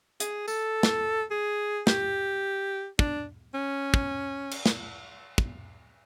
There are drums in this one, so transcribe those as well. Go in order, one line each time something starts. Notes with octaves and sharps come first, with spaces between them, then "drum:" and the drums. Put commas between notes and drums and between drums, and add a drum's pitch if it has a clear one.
G#4, drum: hi-hat
A4, drum: tambourine
drum: snare
G#4
G4, drum: snare
D4, drum: kick
C#4
drum: kick
drum: cymbal
drum: snare
drum: kick